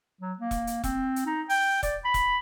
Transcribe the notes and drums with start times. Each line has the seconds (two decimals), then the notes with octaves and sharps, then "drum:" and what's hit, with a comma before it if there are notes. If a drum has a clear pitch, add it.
0.21 F#3
0.39 A#3
0.51 drum: kick E1, hi-hat
0.67 drum: hi-hat
0.84 C4, drum: kick E1, hi-hat
1.16 drum: hi-hat
1.26 D#4
1.49 G5, drum: open hi-hat
1.83 D5, drum: kick E1, hi-hat
2.05 B5
2.14 drum: kick E1, hi-hat